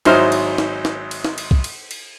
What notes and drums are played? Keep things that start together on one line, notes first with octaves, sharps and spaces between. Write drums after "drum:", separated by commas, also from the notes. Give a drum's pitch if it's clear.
G#1 F#3 D#4 E4 C5 F6, drum: cymbal
drum: cymbal
drum: snare
drum: snare
drum: cymbal
drum: snare
drum: cymbal
drum: kick B1
drum: cymbal
drum: cymbal